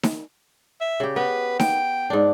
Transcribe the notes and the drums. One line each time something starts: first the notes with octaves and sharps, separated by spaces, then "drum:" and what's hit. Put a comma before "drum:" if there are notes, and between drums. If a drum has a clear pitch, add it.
drum: snare D#4
E5
C#3 G4
B3 B4
G5, drum: snare D#4
G#2 D4